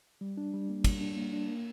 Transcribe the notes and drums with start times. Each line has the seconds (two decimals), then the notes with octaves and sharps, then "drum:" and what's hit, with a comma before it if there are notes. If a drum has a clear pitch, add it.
0.21 G3
0.37 D4
0.54 G3
0.69 A#3
0.84 G3, drum: kick, cymbal
1.01 D4
1.17 A#3
1.33 D4
1.48 A#3